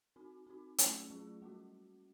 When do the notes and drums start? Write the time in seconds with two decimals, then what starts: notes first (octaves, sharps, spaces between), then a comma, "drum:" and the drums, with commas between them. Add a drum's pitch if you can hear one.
0.16 C4 D#4 F#4
0.47 C4 D#4 F#4
0.78 F#3 A3 C#4 F4 G#4, drum: hi-hat
1.10 F#3 A3 C#4 F4 G#4
1.42 G3 A#3 C#4 F#4